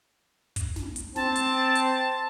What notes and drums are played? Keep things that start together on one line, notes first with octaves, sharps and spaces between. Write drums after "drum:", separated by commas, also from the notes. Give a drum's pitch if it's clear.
drum: kick, hi-hat
drum: snare
drum: hi-hat
C4 A5, drum: snare
drum: hi-hat
drum: hi-hat